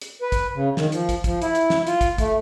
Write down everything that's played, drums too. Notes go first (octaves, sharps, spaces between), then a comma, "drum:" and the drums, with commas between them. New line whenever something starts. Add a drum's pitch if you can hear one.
drum: hi-hat
B4
drum: kick, hi-hat
C#3
D#3, drum: snare
F3, drum: hi-hat
drum: kick, hi-hat
F3, drum: kick, hi-hat
E4, drum: hi-hat
drum: hi-hat
drum: snare
F4, drum: hi-hat
drum: kick, hi-hat
A3, drum: kick, hi-hat